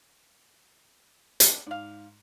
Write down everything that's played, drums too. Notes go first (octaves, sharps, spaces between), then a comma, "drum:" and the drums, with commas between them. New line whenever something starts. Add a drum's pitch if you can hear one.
G3 D4 G4, drum: hi-hat
G#2 D5 F5